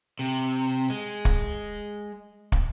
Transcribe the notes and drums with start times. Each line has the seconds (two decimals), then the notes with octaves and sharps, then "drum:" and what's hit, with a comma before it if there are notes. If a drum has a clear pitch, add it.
0.19 C3
0.90 G#3
1.25 drum: kick
2.52 drum: kick